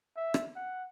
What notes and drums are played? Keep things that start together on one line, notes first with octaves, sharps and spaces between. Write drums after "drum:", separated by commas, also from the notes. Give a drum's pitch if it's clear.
E5
drum: rim click
F#5